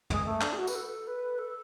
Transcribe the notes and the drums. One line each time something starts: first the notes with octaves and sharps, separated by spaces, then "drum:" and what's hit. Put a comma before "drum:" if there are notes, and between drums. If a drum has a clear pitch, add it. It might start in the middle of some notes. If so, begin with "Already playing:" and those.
G#3, drum: tom
A3
D4, drum: clap
G#4
F#4
B4, drum: tambourine
A4
B4
A4